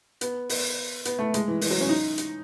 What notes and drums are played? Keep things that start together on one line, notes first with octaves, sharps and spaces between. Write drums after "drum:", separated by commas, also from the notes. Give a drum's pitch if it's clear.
B3, drum: hi-hat
B3, drum: open hi-hat
B3, drum: hi-hat
A3
G#3, drum: hi-hat
E3
E3, drum: open hi-hat
F#3
C#4
D#4
drum: hi-hat